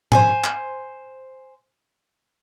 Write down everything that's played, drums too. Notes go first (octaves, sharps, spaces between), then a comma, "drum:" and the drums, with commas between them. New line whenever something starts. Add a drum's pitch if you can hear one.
C5 G#5, drum: tom G#2
drum: clap